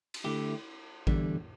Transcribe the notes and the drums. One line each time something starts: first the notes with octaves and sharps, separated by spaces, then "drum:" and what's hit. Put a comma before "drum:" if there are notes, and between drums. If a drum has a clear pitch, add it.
drum: cymbal
D3 A3 E4 G4
E2 D3 G3, drum: kick A1